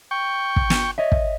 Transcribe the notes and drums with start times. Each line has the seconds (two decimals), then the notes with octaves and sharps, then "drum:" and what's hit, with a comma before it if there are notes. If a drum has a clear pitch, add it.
0.11 G5 C#6
0.56 drum: kick
0.70 drum: snare
0.98 C#5 D#5 E5
1.12 drum: kick